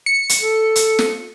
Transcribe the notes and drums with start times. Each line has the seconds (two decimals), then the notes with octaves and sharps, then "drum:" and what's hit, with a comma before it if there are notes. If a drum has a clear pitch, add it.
0.06 C#7
0.29 drum: hi-hat
0.39 A4
0.76 drum: hi-hat
0.99 drum: snare